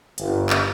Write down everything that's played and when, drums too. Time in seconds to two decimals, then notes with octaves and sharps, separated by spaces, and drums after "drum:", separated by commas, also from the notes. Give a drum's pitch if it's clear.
0.18 G1, drum: hi-hat
0.50 drum: clap